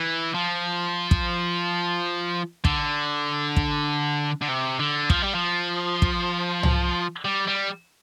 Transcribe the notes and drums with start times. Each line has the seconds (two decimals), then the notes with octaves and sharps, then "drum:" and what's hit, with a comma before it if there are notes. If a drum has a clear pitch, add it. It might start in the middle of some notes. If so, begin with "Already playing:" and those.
Already playing: E3
0.34 F3
1.11 drum: kick
2.65 D3, drum: kick
3.56 drum: kick
4.42 D3
4.48 C3
4.79 D3
5.10 F3, drum: kick
5.22 G3
5.35 F3
6.02 drum: kick
6.63 drum: tom C2
7.25 G3
7.48 G3